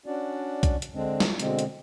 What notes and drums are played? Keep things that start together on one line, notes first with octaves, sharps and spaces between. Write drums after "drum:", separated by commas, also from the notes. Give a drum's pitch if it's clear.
C#4 D4 F#4 D5
drum: kick B1, hi-hat
drum: hi-hat
D3 G#3 C4 D4
drum: snare
B2 D3 G#3 C4, drum: hi-hat
drum: hi-hat